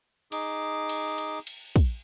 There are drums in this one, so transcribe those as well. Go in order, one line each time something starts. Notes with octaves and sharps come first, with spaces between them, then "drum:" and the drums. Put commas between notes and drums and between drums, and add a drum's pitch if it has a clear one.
D#4 G#4 D6, drum: cymbal
drum: cymbal
drum: cymbal
drum: cymbal
drum: kick, cymbal